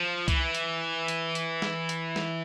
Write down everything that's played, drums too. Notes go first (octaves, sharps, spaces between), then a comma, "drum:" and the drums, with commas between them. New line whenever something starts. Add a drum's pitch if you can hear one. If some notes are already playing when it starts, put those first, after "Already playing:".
Already playing: F3
E3, drum: kick C2, hi-hat
drum: hi-hat
drum: hi-hat
drum: hi-hat
drum: snare
drum: hi-hat
drum: snare